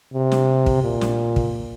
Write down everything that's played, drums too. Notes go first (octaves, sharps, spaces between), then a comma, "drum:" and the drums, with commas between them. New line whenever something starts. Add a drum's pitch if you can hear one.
C3
drum: snare
drum: kick
A#2
drum: snare
drum: kick